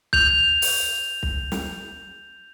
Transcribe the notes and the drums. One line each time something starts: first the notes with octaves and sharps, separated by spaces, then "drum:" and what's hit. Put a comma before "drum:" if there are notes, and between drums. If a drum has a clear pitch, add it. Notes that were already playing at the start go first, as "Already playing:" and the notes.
G6 F7, drum: kick
drum: open hi-hat
drum: kick
drum: snare